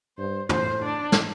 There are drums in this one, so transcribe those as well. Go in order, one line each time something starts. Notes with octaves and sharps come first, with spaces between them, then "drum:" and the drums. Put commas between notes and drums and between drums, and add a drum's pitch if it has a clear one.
G2 C5
A2 C5, drum: tom
D4
drum: snare